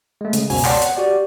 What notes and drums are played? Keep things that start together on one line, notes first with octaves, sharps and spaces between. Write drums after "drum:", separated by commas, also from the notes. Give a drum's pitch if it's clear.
G#3 A3
C#3, drum: hi-hat
C#2 F#2 B2 F#4 G#5, drum: open hi-hat
C#5 D5 F#5 G5 A5 C6, drum: clap
F#5, drum: hi-hat
F#4 G4 D5